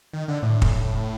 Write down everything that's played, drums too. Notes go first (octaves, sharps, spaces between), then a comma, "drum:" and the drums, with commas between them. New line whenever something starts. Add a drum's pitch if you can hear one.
D#3
D3
A2
drum: kick